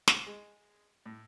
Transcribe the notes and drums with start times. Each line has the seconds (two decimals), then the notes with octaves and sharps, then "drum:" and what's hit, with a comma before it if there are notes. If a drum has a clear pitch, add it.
0.08 C2, drum: snare
0.27 G#3
1.06 A2